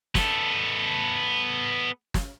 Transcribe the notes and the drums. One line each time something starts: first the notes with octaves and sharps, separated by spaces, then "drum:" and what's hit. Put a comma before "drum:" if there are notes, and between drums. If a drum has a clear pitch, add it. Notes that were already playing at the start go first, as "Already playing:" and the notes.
B3 A4, drum: snare
drum: snare